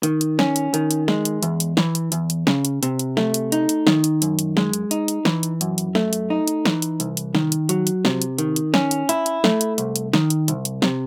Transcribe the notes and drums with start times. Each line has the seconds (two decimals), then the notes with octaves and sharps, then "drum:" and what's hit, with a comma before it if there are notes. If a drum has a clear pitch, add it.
0.03 D#3, drum: hi-hat
0.21 drum: hi-hat
0.39 C#4, drum: snare
0.56 drum: hi-hat
0.74 D#3, drum: hi-hat
0.91 drum: hi-hat
1.08 G#3, drum: snare
1.25 drum: hi-hat
1.43 E2, drum: hi-hat
1.60 drum: hi-hat
1.77 E3, drum: snare
1.95 drum: hi-hat
2.12 E2, drum: hi-hat
2.30 drum: hi-hat
2.47 C#3, drum: snare
2.65 drum: hi-hat
2.83 C3, drum: hi-hat
2.99 drum: hi-hat
3.17 A3, drum: snare
3.34 drum: hi-hat
3.52 D#4, drum: hi-hat
3.69 drum: hi-hat
3.87 D#3, drum: snare
4.04 drum: hi-hat
4.22 F#2, drum: hi-hat
4.39 drum: hi-hat
4.57 G#3, drum: snare
4.73 drum: hi-hat
4.91 D#4, drum: hi-hat
5.08 drum: hi-hat
5.25 E3, drum: snare
5.43 drum: hi-hat
5.61 F#2, drum: hi-hat
5.78 drum: hi-hat
5.95 A3, drum: snare
6.13 drum: hi-hat
6.30 D#4
6.47 drum: hi-hat
6.65 E3, drum: snare
6.82 drum: hi-hat
7.00 C2, drum: hi-hat
7.17 drum: hi-hat
7.35 D#3, drum: snare
7.52 drum: hi-hat
7.69 F#3, drum: hi-hat
7.87 drum: hi-hat
8.05 C3, drum: snare
8.22 drum: hi-hat
8.39 D#3, drum: hi-hat
8.56 drum: hi-hat
8.74 C#4, drum: snare
8.91 drum: hi-hat
9.09 E4, drum: hi-hat
9.26 drum: hi-hat
9.44 A3, drum: snare
9.61 drum: hi-hat
9.78 C2, drum: hi-hat
9.96 drum: hi-hat
10.13 D#3, drum: snare
10.30 drum: hi-hat
10.48 C2, drum: hi-hat
10.65 drum: hi-hat
10.82 C3, drum: snare